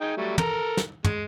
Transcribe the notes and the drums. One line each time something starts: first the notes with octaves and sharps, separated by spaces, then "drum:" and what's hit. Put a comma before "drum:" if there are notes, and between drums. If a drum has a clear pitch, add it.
D#4 G#4 G5
F#3 G3 A3
A4 A#4 A#5, drum: tom
drum: snare
G#3, drum: tom